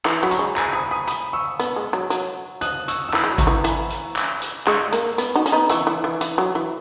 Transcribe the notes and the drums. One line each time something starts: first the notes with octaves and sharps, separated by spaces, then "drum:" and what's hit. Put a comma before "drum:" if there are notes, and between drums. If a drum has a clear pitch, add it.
E3, drum: clap
F#3 B5
A#5 C#6, drum: hi-hat
G#3
G#5 B5, drum: clap
B5 D#6
B5 D#6
B5 D#6, drum: hi-hat
C#6 E6
B3, drum: hi-hat
G#3
F#3
F#3, drum: hi-hat
D#6 F#6, drum: hi-hat
C#6 E6, drum: hi-hat
E6
E3 B5 D#6, drum: clap
G#3
F#3
A#5 C#6, drum: kick G#1, hi-hat
E3
E3 G#5 B5, drum: hi-hat
drum: hi-hat
drum: clap
drum: hi-hat
G#3 C#6 E6, drum: clap
A#3, drum: hi-hat
B3, drum: hi-hat
D#4 F#4
C#4, drum: hi-hat
B3 D#4
E3 C#6 E6, drum: hi-hat
E3
E3
E3, drum: hi-hat
F#3
E3